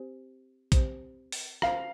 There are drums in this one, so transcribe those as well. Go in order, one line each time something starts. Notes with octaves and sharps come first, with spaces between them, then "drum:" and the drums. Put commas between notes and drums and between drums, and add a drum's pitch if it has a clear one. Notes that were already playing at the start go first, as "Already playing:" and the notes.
Already playing: C4 G4 C5
C4 G4 C5, drum: kick A#1, hi-hat
drum: open hi-hat
C#4 F4 C5 F5, drum: rim click